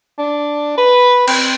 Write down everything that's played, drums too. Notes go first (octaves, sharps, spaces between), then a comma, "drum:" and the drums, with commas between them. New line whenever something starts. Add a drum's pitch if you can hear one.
D4
B4
C4, drum: cymbal